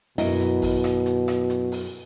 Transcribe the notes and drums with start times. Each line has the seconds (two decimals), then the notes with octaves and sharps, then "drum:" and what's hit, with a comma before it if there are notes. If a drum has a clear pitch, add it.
0.18 F#2 B2 E4 D#5, drum: open hi-hat
0.40 drum: hi-hat
0.62 drum: kick G#1, open hi-hat
0.84 drum: rim click
1.06 drum: hi-hat
1.28 drum: rim click
1.50 drum: hi-hat
1.72 drum: open hi-hat